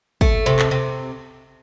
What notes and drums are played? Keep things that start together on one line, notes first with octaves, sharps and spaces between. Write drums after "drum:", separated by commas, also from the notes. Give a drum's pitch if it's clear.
A3, drum: kick
C3
drum: clap
C3